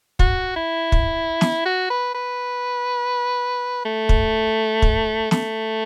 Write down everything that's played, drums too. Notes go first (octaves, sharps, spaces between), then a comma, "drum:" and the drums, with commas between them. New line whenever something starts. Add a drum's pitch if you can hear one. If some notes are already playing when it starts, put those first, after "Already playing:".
F#4, drum: kick
E4
drum: kick
drum: snare
F#4
B4
B4
A3
drum: kick
drum: kick
A3, drum: snare